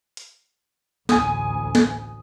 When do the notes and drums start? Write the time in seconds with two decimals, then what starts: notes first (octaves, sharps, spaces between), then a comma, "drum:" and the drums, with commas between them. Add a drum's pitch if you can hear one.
0.17 drum: hi-hat
1.09 A1 D2 G#5 D#6, drum: snare
1.75 drum: snare